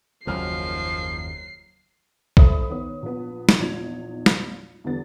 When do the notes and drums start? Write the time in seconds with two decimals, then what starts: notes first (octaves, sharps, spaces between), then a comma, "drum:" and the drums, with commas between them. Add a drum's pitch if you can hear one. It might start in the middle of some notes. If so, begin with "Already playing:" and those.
0.27 F#1 D#2 C#3 F3 F#3 F6 C7
2.37 A4 C5 D5 E5 B5 D#6, drum: kick A#1
2.70 D#3 B3 C#5 D#6
3.03 A#1 B3
3.49 drum: snare
3.60 A#1 E2 D#4 F4 G#6 F7
4.26 drum: snare
4.84 E2 D3 E3 G3 B3 A6